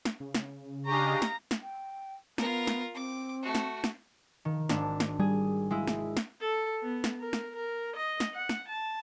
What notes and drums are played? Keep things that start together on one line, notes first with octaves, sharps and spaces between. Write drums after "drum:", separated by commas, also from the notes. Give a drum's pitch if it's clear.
drum: snare
C#3
drum: snare
D4 G4 G#4 D#5 F5 A#5 C#6
drum: snare
drum: snare
G5
B3 F4 A#4, drum: snare
drum: snare
C4 D6
A3 F#4
drum: snare
drum: snare
D#3
G#1 D4, drum: snare
drum: snare
G3 G#4
G#3 E4
drum: snare
drum: snare
A4
B3
drum: snare
A#4
drum: snare
A#4
D#5
drum: snare
F#5
drum: snare
A5